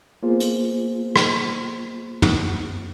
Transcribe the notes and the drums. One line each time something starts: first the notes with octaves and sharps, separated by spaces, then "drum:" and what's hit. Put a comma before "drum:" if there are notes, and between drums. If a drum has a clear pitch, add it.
A#3 B3 F4 G#4 C5
drum: hi-hat
drum: rim click
drum: tom